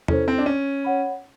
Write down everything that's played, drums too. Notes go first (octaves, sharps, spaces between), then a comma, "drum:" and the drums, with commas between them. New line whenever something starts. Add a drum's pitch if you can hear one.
C#4 E4 A4 C5, drum: tom E2
C4
D4
C#4
C#5 F#5 B5